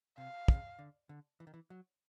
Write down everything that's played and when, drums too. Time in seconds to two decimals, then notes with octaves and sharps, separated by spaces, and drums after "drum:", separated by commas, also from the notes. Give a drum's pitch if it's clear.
0.17 C3 F5
0.48 C#3, drum: kick
0.79 D3
1.09 D3
1.40 E3
1.47 D#3
1.54 E3
1.70 F#3